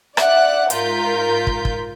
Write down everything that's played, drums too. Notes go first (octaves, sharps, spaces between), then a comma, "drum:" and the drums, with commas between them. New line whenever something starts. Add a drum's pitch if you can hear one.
D5 E5 F#5 F#6, drum: rim click
G#2 F4 A#4 G6 B6, drum: hi-hat
drum: kick
drum: kick